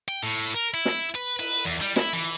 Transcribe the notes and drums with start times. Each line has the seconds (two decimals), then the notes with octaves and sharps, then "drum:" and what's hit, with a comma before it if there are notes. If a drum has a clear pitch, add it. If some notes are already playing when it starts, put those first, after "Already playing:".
0.08 G5
0.23 A2
0.54 A#4
0.74 E4
0.85 drum: snare
1.15 B4
1.39 B4, drum: cymbal
1.65 E2
1.81 G3
1.96 E4, drum: snare
2.13 E3